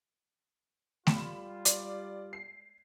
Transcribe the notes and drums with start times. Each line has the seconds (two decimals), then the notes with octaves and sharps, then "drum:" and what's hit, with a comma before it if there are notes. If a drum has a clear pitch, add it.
1.07 G3 F4 B5 E7, drum: snare A3
1.65 D5, drum: hi-hat
2.33 C7